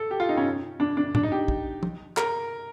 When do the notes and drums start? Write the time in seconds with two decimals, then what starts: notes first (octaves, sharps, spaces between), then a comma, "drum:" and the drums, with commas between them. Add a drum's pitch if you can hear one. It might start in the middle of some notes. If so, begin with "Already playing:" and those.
Already playing: A4
0.11 G4
0.20 F4
0.29 D#4
0.37 C#4
0.80 D4
0.97 D4
1.15 D4, drum: tom A2
1.23 D#4
1.32 G4
1.48 drum: kick
1.83 drum: tom
2.17 A#4, drum: clap